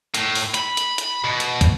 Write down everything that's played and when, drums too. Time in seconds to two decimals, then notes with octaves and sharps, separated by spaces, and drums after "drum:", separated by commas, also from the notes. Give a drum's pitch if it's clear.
0.14 A2, drum: hi-hat
0.35 drum: open hi-hat
0.54 B5, drum: hi-hat
0.77 drum: hi-hat
0.98 drum: hi-hat
1.24 B2
1.40 drum: hi-hat
1.61 drum: kick, hi-hat